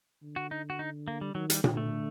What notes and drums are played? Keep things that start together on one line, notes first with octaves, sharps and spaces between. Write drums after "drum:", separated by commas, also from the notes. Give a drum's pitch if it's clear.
D3
F#4
D#4
F#4
D#4
A#3
G3
D#3 F#3
G3, drum: hi-hat
D3, drum: tom A#2
A3